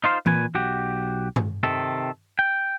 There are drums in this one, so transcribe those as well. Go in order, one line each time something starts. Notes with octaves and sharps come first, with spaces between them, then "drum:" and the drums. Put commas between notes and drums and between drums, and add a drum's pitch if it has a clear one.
D#4 F4 C5 F5
A#2 B4 G#5, drum: tom E3
B1 F#4 G4
drum: tom
C3 D#3 A4
G5